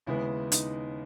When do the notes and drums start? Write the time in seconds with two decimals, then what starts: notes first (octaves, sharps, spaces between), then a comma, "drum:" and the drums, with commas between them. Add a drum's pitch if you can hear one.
0.07 D#2 C#3 G#3 B3 E4
0.52 D#4, drum: hi-hat